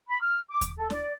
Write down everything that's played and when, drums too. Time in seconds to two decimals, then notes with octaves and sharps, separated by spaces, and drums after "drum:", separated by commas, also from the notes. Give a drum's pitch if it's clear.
0.08 B5
0.21 F6
0.49 D6
0.61 drum: kick D#2, hi-hat
0.78 A4
0.90 D5, drum: snare